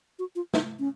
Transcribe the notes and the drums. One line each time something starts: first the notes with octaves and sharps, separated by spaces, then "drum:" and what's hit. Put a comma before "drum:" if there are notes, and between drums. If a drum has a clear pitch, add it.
F#4
F4
D#4, drum: snare
C#4